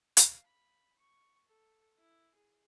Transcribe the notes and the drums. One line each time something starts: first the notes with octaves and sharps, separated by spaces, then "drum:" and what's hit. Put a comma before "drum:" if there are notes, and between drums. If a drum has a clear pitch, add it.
F5, drum: hi-hat
B5
C#6
A4
E4
G#4